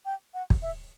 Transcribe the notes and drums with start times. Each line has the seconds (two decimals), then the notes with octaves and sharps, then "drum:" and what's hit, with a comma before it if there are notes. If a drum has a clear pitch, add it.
0.05 G5
0.34 F#5
0.50 drum: kick
0.62 E5